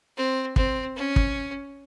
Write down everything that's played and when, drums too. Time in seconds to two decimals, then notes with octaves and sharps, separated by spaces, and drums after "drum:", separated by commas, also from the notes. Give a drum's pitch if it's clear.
0.17 C4
0.56 C4, drum: kick
0.96 C#4
1.16 drum: kick